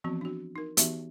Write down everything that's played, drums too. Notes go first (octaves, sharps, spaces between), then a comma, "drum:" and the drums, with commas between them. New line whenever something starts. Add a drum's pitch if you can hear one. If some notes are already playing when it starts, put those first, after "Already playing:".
E3 F3 B3 C4 F#4
D4 F#4
D#4 A#4
E3 B3 D#4 F#4 G4 E5, drum: hi-hat